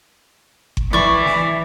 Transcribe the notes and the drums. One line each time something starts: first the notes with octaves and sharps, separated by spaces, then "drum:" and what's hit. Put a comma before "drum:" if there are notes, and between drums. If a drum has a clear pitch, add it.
drum: kick G1
E3 D5 C#6
drum: snare